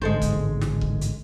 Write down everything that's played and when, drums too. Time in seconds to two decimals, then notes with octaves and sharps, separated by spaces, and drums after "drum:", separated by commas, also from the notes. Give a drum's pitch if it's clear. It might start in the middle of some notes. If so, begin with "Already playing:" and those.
0.02 A1 G#2 D3 G#3 A4 C5
0.22 drum: kick C#1, hi-hat
0.61 drum: snare
0.81 drum: kick C#1
1.01 drum: hi-hat